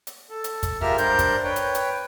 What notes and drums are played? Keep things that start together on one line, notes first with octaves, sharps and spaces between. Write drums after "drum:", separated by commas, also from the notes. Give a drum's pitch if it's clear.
drum: hi-hat
A4
drum: hi-hat
drum: kick, hi-hat
G#3 F4 G4 A#4 E5 F6, drum: kick
G3 D4 A#4 C5 G6, drum: hi-hat
drum: kick, hi-hat
B4 C#5 G5
drum: hi-hat
drum: hi-hat